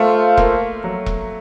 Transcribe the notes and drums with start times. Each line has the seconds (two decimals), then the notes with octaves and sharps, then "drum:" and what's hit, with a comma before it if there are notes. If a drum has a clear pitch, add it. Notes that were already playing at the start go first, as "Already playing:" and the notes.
Already playing: A3 F4 A4 C5 F5
0.37 A#3, drum: kick E1
0.84 F#3
1.06 drum: kick E1